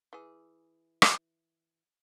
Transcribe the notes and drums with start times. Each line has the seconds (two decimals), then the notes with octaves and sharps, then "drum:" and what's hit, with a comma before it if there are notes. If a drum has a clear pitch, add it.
0.13 E3 G#4
1.02 drum: rim click